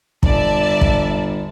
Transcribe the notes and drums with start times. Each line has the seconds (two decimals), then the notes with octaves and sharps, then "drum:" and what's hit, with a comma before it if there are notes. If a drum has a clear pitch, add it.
0.23 G1 D5 E5 A5, drum: kick
0.81 drum: kick